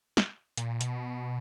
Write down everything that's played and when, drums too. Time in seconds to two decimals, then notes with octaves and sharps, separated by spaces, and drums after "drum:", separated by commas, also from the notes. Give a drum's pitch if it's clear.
0.17 drum: snare
0.57 A#2, drum: hi-hat
0.81 B2, drum: hi-hat